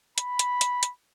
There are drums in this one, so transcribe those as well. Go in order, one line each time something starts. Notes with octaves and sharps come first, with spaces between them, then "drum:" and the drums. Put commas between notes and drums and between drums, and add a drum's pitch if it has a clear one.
B5, drum: hi-hat
drum: hi-hat
drum: hi-hat
drum: hi-hat